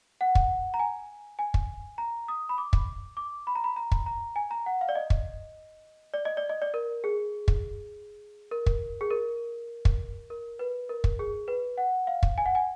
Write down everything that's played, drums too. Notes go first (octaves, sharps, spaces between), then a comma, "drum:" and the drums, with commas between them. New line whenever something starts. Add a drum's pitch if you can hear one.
F#5
drum: kick
A#5
G#5
G#5
drum: kick
A#5
D#6
B5
D6
drum: kick
D6
B5
A#5
B5
A#5
drum: kick
A#5
G#5
A#5
F#5
F5
D5
D#5
drum: kick
D5
D#5
D5
D#5
D5
A#4
G#4
drum: kick
A#4
drum: kick
G#4
A#4
drum: kick
A#4
B4
A#4
drum: kick
G#4
B4
F#5
F5
drum: kick
G#5
F#5
G#5